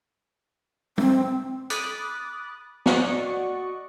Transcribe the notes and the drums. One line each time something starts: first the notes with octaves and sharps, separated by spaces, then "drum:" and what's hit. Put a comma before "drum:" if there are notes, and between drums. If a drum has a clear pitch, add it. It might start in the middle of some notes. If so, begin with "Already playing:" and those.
C4, drum: tom
B5 D6 D#6 F#6 A6, drum: hi-hat
F#4 D5 D#5 F#5 C#6, drum: snare